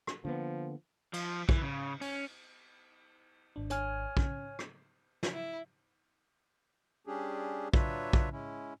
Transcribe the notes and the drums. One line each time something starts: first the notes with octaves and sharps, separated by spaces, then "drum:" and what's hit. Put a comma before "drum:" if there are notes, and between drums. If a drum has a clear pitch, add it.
drum: rim click
D3 F3 A#3 B3
F3, drum: cymbal
E3, drum: kick
C#3
C#4, drum: open hi-hat
G#1 D4
C#5 G#5 F6, drum: hi-hat
C#4, drum: kick
drum: rim click
drum: snare
E4
G3 C#4 D4 G4 G#4
F#3 D4 F4 B4 C#5 E5, drum: kick
drum: kick
G#3 C#4 E4